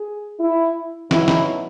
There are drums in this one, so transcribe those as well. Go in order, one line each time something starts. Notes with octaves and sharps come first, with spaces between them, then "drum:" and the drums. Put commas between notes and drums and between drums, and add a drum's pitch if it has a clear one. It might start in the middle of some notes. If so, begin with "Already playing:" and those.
Already playing: G#4
E4
B2 F#3 B3 D#4 E4, drum: snare
drum: snare